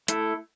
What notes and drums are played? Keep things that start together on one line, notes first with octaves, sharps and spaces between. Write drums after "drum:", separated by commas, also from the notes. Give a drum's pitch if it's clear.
A3 E4 A4, drum: hi-hat